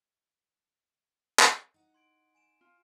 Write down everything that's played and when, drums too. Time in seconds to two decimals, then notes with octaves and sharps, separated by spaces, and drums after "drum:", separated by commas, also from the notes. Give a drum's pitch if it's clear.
1.39 drum: clap
1.74 D#4 F#5
1.94 C6 G#6 D7
2.35 G#5 D7 E7
2.61 F4